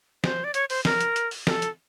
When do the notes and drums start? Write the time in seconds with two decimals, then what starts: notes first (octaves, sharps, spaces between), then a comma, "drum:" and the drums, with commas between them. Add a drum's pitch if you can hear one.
0.24 C5, drum: snare
0.44 D5
0.54 C#5, drum: hi-hat
0.70 C5, drum: open hi-hat
0.85 A#4, drum: snare
1.01 drum: hi-hat
1.16 drum: hi-hat
1.31 drum: open hi-hat
1.47 A#4, drum: snare
1.50 A4
1.62 drum: hi-hat